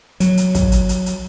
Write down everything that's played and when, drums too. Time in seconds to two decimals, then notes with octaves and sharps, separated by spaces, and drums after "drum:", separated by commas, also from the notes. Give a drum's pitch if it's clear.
0.20 F#3, drum: hi-hat
0.37 drum: hi-hat
0.55 drum: kick, hi-hat
0.72 drum: hi-hat
0.89 drum: hi-hat
1.06 drum: hi-hat